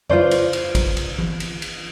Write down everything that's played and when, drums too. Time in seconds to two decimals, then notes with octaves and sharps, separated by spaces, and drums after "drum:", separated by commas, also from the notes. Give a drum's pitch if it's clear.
0.10 F4 B4 C5 D5, drum: tom F2
0.31 drum: cymbal
0.53 drum: cymbal
0.75 drum: kick, cymbal
0.97 drum: cymbal
1.18 drum: tom E3
1.40 drum: cymbal
1.62 drum: cymbal